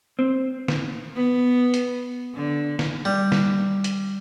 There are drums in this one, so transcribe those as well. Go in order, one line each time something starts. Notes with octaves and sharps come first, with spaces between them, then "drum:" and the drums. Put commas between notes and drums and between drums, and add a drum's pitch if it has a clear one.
C4
drum: snare
B3
drum: hi-hat
D3
drum: snare
G3
drum: snare
drum: hi-hat